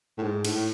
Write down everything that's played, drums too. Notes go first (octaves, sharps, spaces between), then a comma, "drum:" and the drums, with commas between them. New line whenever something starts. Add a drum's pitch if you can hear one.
A2
G#2
A2, drum: cymbal